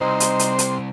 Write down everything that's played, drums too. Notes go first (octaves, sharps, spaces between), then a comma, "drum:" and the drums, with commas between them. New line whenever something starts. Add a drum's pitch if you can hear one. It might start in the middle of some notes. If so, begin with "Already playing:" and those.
C2 C3 D#4 C5 C6
drum: hi-hat
drum: hi-hat
drum: hi-hat